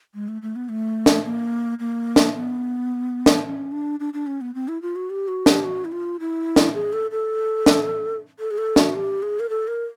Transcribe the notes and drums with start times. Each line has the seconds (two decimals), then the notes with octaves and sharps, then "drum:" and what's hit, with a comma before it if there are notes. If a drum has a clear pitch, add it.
0.14 G#3
0.28 A3
0.42 A3
0.56 B3
0.69 A3
1.06 drum: snare
1.25 A#3
1.79 A#3
2.16 drum: snare
2.35 B3
3.26 drum: snare
3.45 C#4
3.72 D4
4.00 D4
4.14 D4
4.27 C#4
4.41 B3
4.55 C4
4.68 E4
4.82 F4
4.96 F#4
5.10 G4
5.28 F#4
5.46 G4, drum: snare
5.64 F#4
5.85 E4
5.92 F4
6.20 E4
6.56 drum: snare
6.74 G#4
6.93 A4
7.11 A4
7.66 drum: snare
8.39 A4
8.51 G#4
8.58 A4
8.76 F#4, drum: snare
8.95 G4
9.22 G#4
9.40 A#4
9.50 A4
9.68 A#4